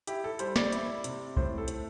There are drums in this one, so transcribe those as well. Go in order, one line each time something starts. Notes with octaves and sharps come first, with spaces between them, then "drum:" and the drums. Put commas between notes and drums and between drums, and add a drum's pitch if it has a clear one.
E4 G4, drum: hi-hat
A4
G3 C5, drum: hi-hat
D5, drum: snare
E4, drum: hi-hat
C3, drum: hi-hat
A2 C5, drum: kick C2
A4
A3, drum: hi-hat